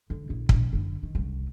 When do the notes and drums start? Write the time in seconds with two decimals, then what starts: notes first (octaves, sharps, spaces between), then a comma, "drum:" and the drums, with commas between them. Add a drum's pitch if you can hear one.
0.10 D3
0.29 A#1 E4
0.49 A#1 B2, drum: kick
0.73 F#1 D3
1.03 D#3
1.15 C2 C#3